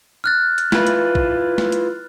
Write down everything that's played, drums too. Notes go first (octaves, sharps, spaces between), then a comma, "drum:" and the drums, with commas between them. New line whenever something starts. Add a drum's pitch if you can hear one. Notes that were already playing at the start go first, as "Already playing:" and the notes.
F6 F#6 A6
drum: hi-hat
E4 F4 B4, drum: snare A3
drum: hi-hat
drum: kick A#1
drum: snare A3
drum: hi-hat